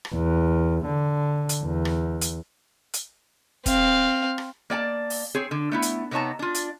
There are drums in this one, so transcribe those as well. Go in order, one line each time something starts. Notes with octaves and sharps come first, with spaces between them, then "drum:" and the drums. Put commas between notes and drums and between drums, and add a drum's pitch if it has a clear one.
drum: rim click
E2
D3
drum: hi-hat
E2
drum: rim click
drum: hi-hat
drum: hi-hat
C4 F5, drum: kick, hi-hat
drum: rim click
A#3 D5 G5 A5
drum: open hi-hat
C4 G#4 C#5
D3
A3 B3 E4
drum: hi-hat
C3 B3 D#4 C#5 A5 A#5
D4 F4
drum: hi-hat